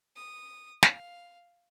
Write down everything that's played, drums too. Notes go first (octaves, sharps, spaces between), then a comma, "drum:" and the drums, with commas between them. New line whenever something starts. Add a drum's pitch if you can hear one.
D#6
F5, drum: snare